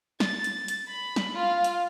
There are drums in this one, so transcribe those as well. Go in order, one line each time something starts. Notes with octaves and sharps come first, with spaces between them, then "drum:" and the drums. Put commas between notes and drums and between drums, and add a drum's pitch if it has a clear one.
A6, drum: snare
drum: hi-hat
drum: hi-hat
B5
drum: snare
F4 F5
drum: hi-hat